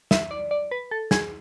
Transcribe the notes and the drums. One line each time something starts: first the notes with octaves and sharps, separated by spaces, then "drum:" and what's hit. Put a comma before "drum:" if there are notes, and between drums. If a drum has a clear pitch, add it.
E5, drum: snare
D5
D5
B4
A4
G#4, drum: snare